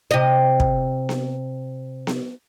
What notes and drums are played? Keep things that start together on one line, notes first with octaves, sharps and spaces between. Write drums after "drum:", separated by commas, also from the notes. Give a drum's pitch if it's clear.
C3 D#5
drum: kick
drum: snare B3
drum: snare B3